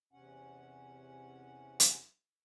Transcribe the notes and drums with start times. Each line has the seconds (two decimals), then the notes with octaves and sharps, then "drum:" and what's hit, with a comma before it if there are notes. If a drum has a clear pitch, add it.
0.13 E2 C3 C#4 F#5
1.80 drum: hi-hat